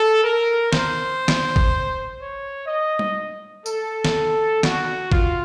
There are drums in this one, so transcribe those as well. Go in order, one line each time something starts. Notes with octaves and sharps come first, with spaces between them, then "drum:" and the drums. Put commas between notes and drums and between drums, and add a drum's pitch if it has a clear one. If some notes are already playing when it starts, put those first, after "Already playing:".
Already playing: A4
A#4
C5, drum: snare
drum: snare
drum: kick G#1
C#5
D#5
drum: tom G3
A4, drum: tambourine
drum: snare
F#4, drum: snare
F4, drum: kick G#1